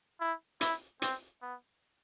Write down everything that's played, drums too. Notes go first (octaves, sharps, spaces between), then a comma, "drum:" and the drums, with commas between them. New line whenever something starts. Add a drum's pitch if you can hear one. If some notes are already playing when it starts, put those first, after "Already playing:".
E4
E4, drum: hi-hat
C4, drum: hi-hat
B3